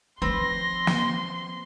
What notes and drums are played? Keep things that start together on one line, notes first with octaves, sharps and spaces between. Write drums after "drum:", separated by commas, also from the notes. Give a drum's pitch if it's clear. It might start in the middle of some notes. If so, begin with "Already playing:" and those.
D#3 F3 C4 B4 B5 C6 A#6
drum: snare